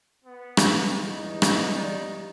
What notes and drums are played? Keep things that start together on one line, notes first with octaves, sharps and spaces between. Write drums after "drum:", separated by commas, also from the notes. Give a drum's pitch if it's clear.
B3
drum: rim click
E2 D#4
drum: rim click
F3 G4 D5